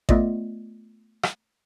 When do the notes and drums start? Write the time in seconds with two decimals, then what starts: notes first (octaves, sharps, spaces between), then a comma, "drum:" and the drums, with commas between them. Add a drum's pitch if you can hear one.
0.09 A3 B3 F4 D5 D#5, drum: kick A1
1.23 drum: rim click